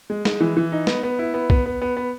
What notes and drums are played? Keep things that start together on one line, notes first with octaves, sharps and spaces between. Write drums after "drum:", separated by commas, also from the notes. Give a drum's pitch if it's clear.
G#3
G#3, drum: snare
E3
E3
D#4
B3, drum: snare
B3
E4
B3
B3, drum: kick B1
B3
B3
B3